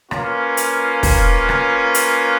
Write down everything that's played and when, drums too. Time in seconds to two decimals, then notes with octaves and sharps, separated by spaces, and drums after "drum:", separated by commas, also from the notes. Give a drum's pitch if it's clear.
0.11 A#3 C#4 F4 B4, drum: rim click
0.57 drum: hi-hat
1.03 drum: kick, open hi-hat
1.49 drum: rim click
1.94 drum: hi-hat